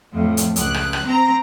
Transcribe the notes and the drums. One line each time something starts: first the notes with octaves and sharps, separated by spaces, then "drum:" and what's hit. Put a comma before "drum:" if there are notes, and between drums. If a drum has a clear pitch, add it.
F2 A2
drum: hi-hat
C#2 F#6, drum: hi-hat
drum: rim click
drum: rim click
C4 A#5